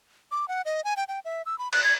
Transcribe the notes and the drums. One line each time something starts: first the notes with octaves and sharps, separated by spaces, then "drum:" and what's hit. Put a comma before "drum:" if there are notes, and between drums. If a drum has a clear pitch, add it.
D6
F#5
D#5
G#5
G5
G5
E5
E6
B5
F#6, drum: cymbal
G#6